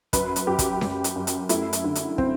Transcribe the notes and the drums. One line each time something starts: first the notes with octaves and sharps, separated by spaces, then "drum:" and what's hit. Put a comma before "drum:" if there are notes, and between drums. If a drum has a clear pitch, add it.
F#2 B4, drum: kick, hi-hat
drum: hi-hat
F#2 G4
drum: kick, hi-hat
F#2, drum: snare C#4
drum: hi-hat
F#2
drum: hi-hat
A3 E4, drum: hi-hat
drum: hi-hat
D3
drum: hi-hat
C4, drum: kick